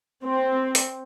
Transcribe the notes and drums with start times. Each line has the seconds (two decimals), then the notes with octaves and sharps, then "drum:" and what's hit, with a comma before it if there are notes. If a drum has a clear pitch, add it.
0.24 C4
0.75 drum: open hi-hat